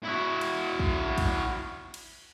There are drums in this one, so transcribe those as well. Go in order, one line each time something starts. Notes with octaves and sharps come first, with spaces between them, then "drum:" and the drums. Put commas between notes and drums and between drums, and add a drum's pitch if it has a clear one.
E4 F#4
drum: cymbal
drum: kick
drum: kick, cymbal
drum: cymbal